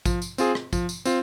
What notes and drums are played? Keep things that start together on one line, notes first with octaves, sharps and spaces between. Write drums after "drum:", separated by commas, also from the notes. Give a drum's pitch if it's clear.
F3, drum: kick A1, tambourine
drum: tambourine
C4 F4 G#4, drum: tambourine
drum: rim click
F3, drum: kick A1, tambourine
drum: tambourine
C4 F4, drum: tambourine